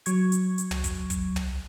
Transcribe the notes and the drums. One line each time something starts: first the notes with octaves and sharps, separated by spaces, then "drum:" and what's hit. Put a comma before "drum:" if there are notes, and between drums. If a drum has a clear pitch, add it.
F#3 C#6 G#6, drum: hi-hat
drum: hi-hat
drum: hi-hat
drum: tom
drum: kick, hi-hat
drum: kick, hi-hat
drum: tom